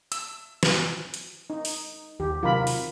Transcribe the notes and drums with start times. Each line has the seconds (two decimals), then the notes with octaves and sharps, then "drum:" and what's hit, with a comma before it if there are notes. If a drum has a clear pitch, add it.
0.12 E6, drum: hi-hat
0.63 drum: snare
1.14 drum: hi-hat
1.50 D#4
1.65 drum: open hi-hat
2.20 D#2 G4
2.43 C3 D#3 F#3 F4 A#4 B5
2.67 drum: open hi-hat